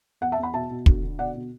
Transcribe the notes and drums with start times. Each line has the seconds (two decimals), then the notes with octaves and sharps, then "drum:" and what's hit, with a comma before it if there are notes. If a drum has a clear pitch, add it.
0.21 E2 F#5
0.32 E5 A5
0.38 E2
0.43 F#5 B5
0.54 B2 E5 A5
0.70 B2
0.86 D2, drum: kick
1.03 D3
1.19 B2 D5 F#5
1.35 B2